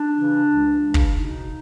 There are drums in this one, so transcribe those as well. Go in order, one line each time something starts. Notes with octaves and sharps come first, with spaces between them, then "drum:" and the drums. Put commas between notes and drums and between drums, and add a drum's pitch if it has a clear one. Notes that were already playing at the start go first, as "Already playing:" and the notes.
Already playing: D4
C#3 E3
C#2
C#3 E3
drum: kick
B2 D#4